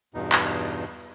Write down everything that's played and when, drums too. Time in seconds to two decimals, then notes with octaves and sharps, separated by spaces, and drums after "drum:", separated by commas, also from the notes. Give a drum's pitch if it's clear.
0.14 E2 G2 B2 D#4
0.32 drum: clap